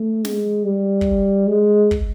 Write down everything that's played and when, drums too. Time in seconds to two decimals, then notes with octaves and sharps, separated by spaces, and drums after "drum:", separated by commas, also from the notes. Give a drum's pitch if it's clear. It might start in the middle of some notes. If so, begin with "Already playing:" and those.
Already playing: A3
0.25 G#3, drum: snare
0.65 G3
1.01 drum: kick
1.47 G#3
1.91 drum: kick